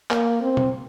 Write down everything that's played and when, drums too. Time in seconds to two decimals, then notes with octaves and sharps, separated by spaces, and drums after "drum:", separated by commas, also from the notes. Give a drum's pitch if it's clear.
0.10 A#3, drum: clap
0.42 C4
0.57 drum: tom